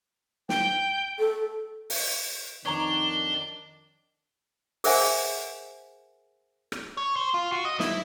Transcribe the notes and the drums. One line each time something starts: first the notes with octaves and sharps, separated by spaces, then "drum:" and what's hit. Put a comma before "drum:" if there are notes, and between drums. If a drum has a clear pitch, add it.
G5, drum: snare
A4
drum: open hi-hat
F2 D#3 D4 C#5 A#5 D6 G7
G#4 A#4 C5 E5 F#5 G#5, drum: open hi-hat
drum: rim click
C#5
C5
F4
F#4
D#5
E4, drum: snare